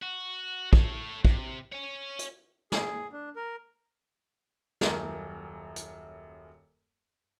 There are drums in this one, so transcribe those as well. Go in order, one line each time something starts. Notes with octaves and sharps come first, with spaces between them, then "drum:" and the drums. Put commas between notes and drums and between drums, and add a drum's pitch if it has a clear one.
F#4
A4 C#5, drum: kick
C3, drum: kick
C#5 G#5
drum: hi-hat
G#4, drum: snare
D4
A#4
D#1 F#2 A#4, drum: snare
drum: hi-hat